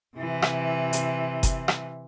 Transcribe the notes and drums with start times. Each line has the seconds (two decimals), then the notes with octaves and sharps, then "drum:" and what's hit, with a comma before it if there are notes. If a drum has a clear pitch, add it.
0.17 C3 E3
0.42 drum: rim click
0.93 drum: hi-hat
1.43 drum: kick F#1, hi-hat
1.68 drum: rim click